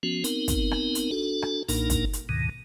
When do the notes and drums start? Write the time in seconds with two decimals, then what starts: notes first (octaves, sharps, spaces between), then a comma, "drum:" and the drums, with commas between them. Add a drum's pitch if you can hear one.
0.03 F3 B3 C#4 F#4
0.24 B3 C4 D#4 A#4, drum: hi-hat
0.48 drum: kick, hi-hat
0.71 drum: rim click
0.95 drum: hi-hat
1.11 D4 F#4 A4
1.42 drum: rim click
1.69 B1 A#2 A#3 D4 D#4 A#4, drum: open hi-hat
1.90 drum: kick, hi-hat
2.13 drum: hi-hat
2.29 D2 G#2 B2 D#3